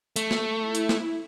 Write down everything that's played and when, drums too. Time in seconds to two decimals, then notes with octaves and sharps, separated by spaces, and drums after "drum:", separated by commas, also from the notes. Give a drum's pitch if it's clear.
0.16 A3, drum: hi-hat
0.31 drum: snare A#3
0.54 E4
0.75 drum: hi-hat
0.89 drum: snare A#3